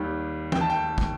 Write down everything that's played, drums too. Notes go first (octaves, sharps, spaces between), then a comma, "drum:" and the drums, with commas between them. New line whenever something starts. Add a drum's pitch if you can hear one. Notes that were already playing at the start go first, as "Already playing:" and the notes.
Already playing: D#2 D#3 G3
G5, drum: tom
A5
G5
drum: kick